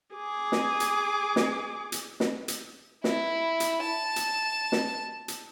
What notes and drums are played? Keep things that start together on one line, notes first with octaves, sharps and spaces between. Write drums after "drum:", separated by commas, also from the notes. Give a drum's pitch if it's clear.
G#4 D6
drum: snare
drum: hi-hat
drum: snare
drum: hi-hat
drum: snare
drum: hi-hat
E4, drum: snare
drum: hi-hat
A5
drum: hi-hat
drum: snare
drum: hi-hat